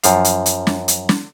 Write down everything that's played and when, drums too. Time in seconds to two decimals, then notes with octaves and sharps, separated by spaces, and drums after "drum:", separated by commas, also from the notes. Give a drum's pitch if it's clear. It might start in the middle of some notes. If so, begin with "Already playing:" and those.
0.03 F#2 F3 F5, drum: hi-hat
0.25 drum: hi-hat
0.46 drum: hi-hat
0.67 drum: snare
0.88 drum: hi-hat
1.09 drum: snare